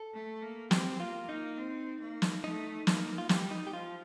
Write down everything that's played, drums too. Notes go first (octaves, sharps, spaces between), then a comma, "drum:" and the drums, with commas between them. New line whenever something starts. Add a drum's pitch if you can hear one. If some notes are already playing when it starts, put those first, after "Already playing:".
Already playing: A4
A3
A#3
C4 G4, drum: snare
A#3 F4
A#3 D#4
C4
A#3
drum: snare
A3 D#4
A#3, drum: snare
F4
G3 G4, drum: snare
D#4
G4
F3 F4